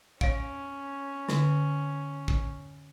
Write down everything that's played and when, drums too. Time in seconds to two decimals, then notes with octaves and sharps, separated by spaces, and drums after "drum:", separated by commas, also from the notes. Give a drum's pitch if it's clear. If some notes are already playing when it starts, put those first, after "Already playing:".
0.21 C#4 C#5 F5, drum: kick
1.28 D3, drum: snare
2.28 drum: kick